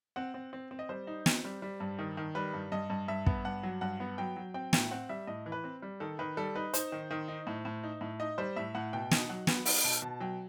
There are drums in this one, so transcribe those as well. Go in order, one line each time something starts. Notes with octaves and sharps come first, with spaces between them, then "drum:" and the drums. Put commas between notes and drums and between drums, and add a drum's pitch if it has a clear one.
C4 F#5
C4
C4
C4
D#5
G3 C5
D#4
C4, drum: snare
G3
G3
G2
D#3
D#3
G3 B4
G2
G2 D#5
G2
G2 E5
B3, drum: kick
G2 F#5
F#3
G2 F#5
B3
F#3 G5
F#3
C4 G5
A2 G5, drum: snare
C4 F#5
G3 E5
A2 D#5
E3
B4
C4
G3
D#3 A4
D#3 B4
G3 A4
D#4 B4
D#4 C5, drum: hi-hat
D#3
D#3
D#4
A2
A2
D#4
A2
D#4 D#5
G3 C5
A2 E5
A2 F#5
B2 G5
D#4, drum: snare
F#3 F#5
B3, drum: snare
D#4 F#5, drum: open hi-hat
B2 A5
B2 A5
F#3 G5